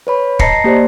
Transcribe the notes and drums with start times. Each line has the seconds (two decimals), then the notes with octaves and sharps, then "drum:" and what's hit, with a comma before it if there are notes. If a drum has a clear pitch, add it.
0.07 B4 C#5 B5
0.39 D#5 A5 A#5 A#6 C7 C#7, drum: kick
0.64 A#3 G4 C5 D5